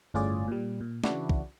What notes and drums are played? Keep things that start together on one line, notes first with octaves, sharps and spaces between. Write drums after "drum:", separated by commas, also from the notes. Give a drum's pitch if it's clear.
G1 A2 C#4 F4 G#4 D5
A#2 G3
A#2
C#3 E3 D4 E4 F#4, drum: snare
drum: kick